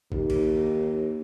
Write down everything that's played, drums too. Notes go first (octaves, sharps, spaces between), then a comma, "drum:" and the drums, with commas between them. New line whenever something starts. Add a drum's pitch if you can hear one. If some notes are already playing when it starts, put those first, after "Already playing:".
D#2, drum: kick A1
drum: cymbal